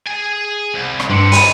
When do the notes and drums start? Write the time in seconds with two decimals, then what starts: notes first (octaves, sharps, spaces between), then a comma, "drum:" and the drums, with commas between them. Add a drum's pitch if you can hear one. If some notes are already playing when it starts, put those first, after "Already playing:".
0.06 G#4 G#5
0.74 C2
1.00 drum: rim click
1.10 G2 D3 C4 C6 C#7
1.32 D#3 B5 D#7, drum: open hi-hat